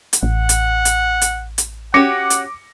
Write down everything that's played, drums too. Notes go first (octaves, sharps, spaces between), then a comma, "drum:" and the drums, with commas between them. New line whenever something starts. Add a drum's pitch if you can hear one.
drum: hi-hat
A1 F#5
drum: hi-hat
drum: hi-hat
drum: hi-hat
drum: hi-hat
C#4 F#4 G4 F#5 D6 A#6 C#7
drum: hi-hat